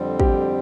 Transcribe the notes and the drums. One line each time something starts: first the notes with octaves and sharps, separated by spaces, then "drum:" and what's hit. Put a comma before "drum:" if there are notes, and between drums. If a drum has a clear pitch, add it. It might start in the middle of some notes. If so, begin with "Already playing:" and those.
Already playing: F2 D3 G3 C4
G4, drum: kick